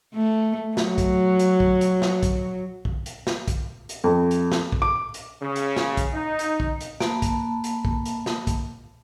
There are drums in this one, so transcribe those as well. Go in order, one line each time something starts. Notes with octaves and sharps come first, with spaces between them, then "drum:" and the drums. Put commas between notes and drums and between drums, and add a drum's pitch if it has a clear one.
A3
F#3, drum: snare
drum: kick, hi-hat
drum: hi-hat
drum: kick
drum: hi-hat
drum: snare
drum: kick, hi-hat
drum: kick
drum: hi-hat
drum: snare
drum: kick, hi-hat
drum: hi-hat
F2
drum: hi-hat
drum: snare
drum: kick
D6
drum: hi-hat
C#3
drum: hi-hat
drum: snare
drum: kick, hi-hat
D#4
drum: hi-hat
drum: kick
drum: hi-hat
A#3 A5 B5, drum: snare
drum: kick, hi-hat
drum: hi-hat
drum: kick
drum: hi-hat
drum: snare
drum: kick, hi-hat